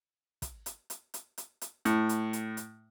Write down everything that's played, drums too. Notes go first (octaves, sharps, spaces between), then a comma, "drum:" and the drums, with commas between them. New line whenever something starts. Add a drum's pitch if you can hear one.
drum: kick, hi-hat
drum: hi-hat
drum: hi-hat
drum: hi-hat
drum: hi-hat
drum: hi-hat
A2, drum: hi-hat
drum: hi-hat
drum: hi-hat
drum: hi-hat